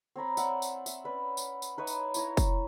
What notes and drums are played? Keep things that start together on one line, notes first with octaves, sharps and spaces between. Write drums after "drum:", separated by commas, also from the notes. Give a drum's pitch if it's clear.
C4 C#5 A#5 B5
D5 E5 F#5, drum: tambourine
drum: tambourine
E5, drum: tambourine
C#4 B4 D5
drum: tambourine
drum: tambourine
D#4 B4 C#5 E5
drum: tambourine
E4 C#5 A#5, drum: tambourine
drum: kick, tambourine